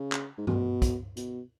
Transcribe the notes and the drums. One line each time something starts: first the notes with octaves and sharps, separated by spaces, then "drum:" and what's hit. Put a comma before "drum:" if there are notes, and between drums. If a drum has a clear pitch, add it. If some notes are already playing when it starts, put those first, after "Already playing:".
Already playing: C#3
drum: clap
G#2
B2, drum: tom G2
drum: kick, hi-hat
B2, drum: hi-hat